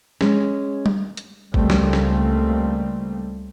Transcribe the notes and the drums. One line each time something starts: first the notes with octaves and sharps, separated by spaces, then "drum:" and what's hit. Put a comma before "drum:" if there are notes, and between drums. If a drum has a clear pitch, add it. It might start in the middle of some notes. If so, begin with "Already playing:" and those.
G#3 C#4, drum: snare
drum: tom G3
drum: hi-hat
C#2 G3 A3 A#3 C4, drum: kick G#1
drum: snare
drum: snare